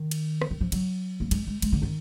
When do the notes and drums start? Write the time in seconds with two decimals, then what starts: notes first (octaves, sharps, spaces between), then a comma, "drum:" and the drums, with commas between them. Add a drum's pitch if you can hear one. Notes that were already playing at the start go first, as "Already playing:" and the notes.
Already playing: D#3
0.11 drum: cymbal
0.42 drum: rim click
0.51 D#3
0.61 F3
0.72 F#3, drum: cymbal
1.20 A#3
1.31 G#3, drum: cymbal
1.47 G#3
1.62 G#3, drum: cymbal
1.72 D3
1.82 D#3